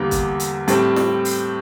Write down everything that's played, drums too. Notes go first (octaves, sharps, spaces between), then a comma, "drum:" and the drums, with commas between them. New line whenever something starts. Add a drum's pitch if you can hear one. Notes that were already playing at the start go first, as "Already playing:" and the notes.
Already playing: E2 D3 G3 A#3
drum: kick, hi-hat
drum: hi-hat
A2 G3 C4, drum: hi-hat
drum: snare
drum: open hi-hat